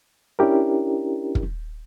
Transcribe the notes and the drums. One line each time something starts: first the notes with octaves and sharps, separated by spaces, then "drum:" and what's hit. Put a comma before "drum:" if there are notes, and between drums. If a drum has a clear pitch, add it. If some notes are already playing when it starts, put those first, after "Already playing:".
C#4 D4 E4 G4 A#4
drum: kick